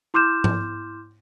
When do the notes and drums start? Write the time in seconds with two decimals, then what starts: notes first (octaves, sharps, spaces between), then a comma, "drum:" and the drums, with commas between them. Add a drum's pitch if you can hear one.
0.14 E4 C6 D6 F6 G6 E7
0.44 drum: tom G#2